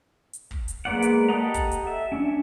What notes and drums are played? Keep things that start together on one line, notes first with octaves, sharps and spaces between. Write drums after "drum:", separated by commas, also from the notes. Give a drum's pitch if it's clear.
drum: hi-hat
drum: kick
drum: hi-hat
G#3 A#3 B3 D5 F#5
drum: hi-hat
G4 A4 D#5 F#5 A#5
drum: kick, hi-hat
drum: hi-hat
E5
C#4 D4